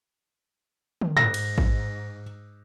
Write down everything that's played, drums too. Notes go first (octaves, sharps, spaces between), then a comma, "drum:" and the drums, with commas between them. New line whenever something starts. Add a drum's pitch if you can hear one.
drum: tom
G#2 A#6, drum: tom
drum: cymbal
drum: kick A1